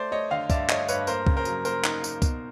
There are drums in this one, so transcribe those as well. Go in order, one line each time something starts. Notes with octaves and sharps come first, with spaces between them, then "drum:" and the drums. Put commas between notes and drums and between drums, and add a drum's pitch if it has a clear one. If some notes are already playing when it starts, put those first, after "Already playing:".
Already playing: A3 C5 D5
A3 C#5 D#5
D3 D#5 F5
G2 D5 E5, drum: kick C2, tambourine
A3 C#5 D#5, drum: clap
G2 B4 C#5, drum: tambourine
A#3 A#4 C5, drum: tambourine
C#3, drum: kick C2
A#4 C5
F#3, drum: tambourine
A#3 A#4 C5, drum: tambourine
D#4, drum: clap
D#4, drum: tambourine
B2, drum: kick C2, tambourine